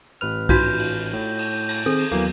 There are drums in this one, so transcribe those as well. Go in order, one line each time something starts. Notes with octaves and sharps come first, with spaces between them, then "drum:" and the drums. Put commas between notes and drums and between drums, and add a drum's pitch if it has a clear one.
A1 B4 F6
D#4 F4 F#4 G6, drum: kick B1, cymbal
drum: cymbal
A2
drum: cymbal
drum: cymbal
D#3 C4 G#4 A4
drum: cymbal
D#2 E3 F#3 A#3 B3